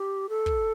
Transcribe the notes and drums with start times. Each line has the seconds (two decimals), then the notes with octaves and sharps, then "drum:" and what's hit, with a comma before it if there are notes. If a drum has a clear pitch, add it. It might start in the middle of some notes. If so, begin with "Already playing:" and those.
Already playing: G4
0.29 A4
0.46 drum: kick